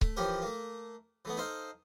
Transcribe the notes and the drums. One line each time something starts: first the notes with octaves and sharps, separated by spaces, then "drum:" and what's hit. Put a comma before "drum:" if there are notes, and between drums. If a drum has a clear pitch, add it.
A3, drum: kick C#1
E3 F3 C#4 G4 A#4
A3 A#3
E3 A3 B3
D#4 A4 C5 F5